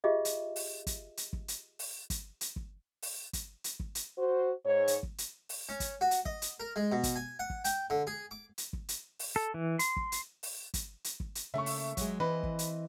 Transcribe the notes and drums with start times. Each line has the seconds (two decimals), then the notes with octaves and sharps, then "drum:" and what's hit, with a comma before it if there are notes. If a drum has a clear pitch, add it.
0.04 F4 G4 G#4 D#5 E5
0.25 drum: hi-hat
0.56 drum: open hi-hat
0.87 drum: kick, hi-hat
1.17 drum: hi-hat
1.33 drum: kick
1.48 drum: hi-hat
1.79 drum: open hi-hat
2.10 drum: kick, hi-hat
2.41 drum: hi-hat
2.56 drum: kick
3.02 drum: open hi-hat
3.33 drum: kick, hi-hat
3.64 drum: hi-hat
3.80 drum: kick
3.95 drum: hi-hat
4.18 F#4 C5
4.65 G#2 C#5
4.88 drum: hi-hat
5.03 drum: kick
5.18 drum: hi-hat
5.49 drum: open hi-hat
5.69 C#4
5.80 drum: kick, hi-hat
6.01 F#4
6.11 drum: hi-hat
6.25 D#5, drum: kick
6.42 drum: hi-hat
6.60 A#4
6.76 G#3
6.92 B2
7.03 drum: kick, hi-hat
7.16 G#5
7.39 F#5
7.50 drum: kick
7.65 G5, drum: hi-hat
7.90 D3
8.07 G#4
8.31 D6
8.58 drum: hi-hat
8.73 drum: kick
8.89 drum: hi-hat
9.19 drum: open hi-hat
9.36 A4
9.54 E3
9.79 C6, drum: hi-hat
9.96 drum: kick
10.12 drum: hi-hat
10.43 drum: open hi-hat
10.74 drum: kick, hi-hat
11.04 drum: hi-hat
11.20 drum: kick
11.35 drum: hi-hat
11.54 C#3 A3 A#3 E5 C#6
11.66 drum: open hi-hat
11.97 F#3 G#3, drum: kick, hi-hat
12.20 E3 C4 B4 D#5
12.43 drum: kick
12.59 drum: hi-hat